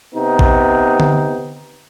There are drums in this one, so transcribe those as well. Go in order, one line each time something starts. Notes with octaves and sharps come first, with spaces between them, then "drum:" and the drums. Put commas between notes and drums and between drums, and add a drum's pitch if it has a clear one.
C3 B3 D#4
drum: kick
drum: tom D3